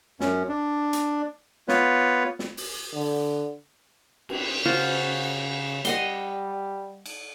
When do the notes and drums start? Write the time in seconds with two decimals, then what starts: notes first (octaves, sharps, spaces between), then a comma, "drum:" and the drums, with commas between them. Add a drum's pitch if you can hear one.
0.20 F#2 C#4, drum: snare
0.49 D4
0.93 drum: hi-hat
1.68 B3 F4 B4 C#5, drum: snare
2.39 drum: snare
2.57 drum: open hi-hat
2.94 D3
4.29 drum: cymbal
4.65 C#3 F4 F#4 C5
5.85 G3 D#5 F#5 C6, drum: hi-hat
7.06 drum: cymbal